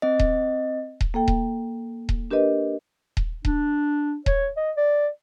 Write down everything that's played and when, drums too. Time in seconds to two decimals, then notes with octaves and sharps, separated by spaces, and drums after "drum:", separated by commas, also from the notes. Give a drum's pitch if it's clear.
0.02 C4 D#5
0.19 drum: kick D#1
1.01 drum: kick D#1
1.14 A#3 A4 G5
1.28 drum: kick D#1
2.09 drum: kick D#1
2.31 D4 G4 A#4 B4 D#5
3.17 drum: kick D#1
3.45 D4, drum: kick D#1
4.26 C#5, drum: kick D#1
4.57 D#5
4.76 D5